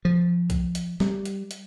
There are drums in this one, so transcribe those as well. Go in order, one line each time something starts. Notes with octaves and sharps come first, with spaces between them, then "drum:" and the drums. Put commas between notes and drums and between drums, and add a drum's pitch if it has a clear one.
F3
drum: kick, hi-hat
drum: hi-hat
G3, drum: snare
drum: hi-hat
drum: hi-hat